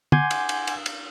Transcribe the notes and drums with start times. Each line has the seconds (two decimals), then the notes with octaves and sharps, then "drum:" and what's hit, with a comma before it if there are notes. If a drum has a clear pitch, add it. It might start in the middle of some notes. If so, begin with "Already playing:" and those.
0.12 F#5 G#5 C6 D6 G6 G#6, drum: tom
0.31 drum: cymbal
0.49 drum: cymbal
0.67 drum: cymbal
0.86 drum: cymbal